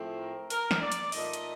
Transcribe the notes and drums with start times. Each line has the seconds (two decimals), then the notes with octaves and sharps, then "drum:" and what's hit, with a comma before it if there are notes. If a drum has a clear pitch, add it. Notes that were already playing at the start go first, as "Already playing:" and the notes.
Already playing: A2 F3 A3 C4
0.18 A#4
0.50 A#4, drum: hi-hat
0.71 drum: snare
0.81 D5
0.92 drum: hi-hat
1.12 A#2 A3 D#4 D#5, drum: open hi-hat
1.33 drum: hi-hat